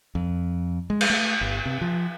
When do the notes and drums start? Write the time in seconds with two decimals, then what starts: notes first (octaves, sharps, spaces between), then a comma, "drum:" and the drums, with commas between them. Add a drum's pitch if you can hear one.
0.15 F2
0.90 G#3
1.01 drum: cymbal
1.10 A3
1.41 G1
1.66 C3
1.81 F3